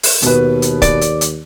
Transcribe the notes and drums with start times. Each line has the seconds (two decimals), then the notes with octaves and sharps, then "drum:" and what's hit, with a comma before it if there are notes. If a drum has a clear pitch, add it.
0.03 drum: open hi-hat
0.22 D#2 B2 B4, drum: hi-hat
0.62 drum: hi-hat
0.82 D5, drum: kick D1, hi-hat
1.01 drum: hi-hat
1.21 drum: hi-hat